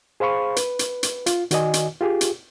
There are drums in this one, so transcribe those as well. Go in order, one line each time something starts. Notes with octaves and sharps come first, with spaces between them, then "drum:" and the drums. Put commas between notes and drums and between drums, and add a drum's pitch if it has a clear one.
G#4 C5 F5 B5 C#6
B4, drum: hi-hat
drum: hi-hat
drum: hi-hat
F4, drum: hi-hat
D#3 F#4 D5 D#5 G#5, drum: hi-hat
drum: hi-hat
F4 G4 G#4
drum: hi-hat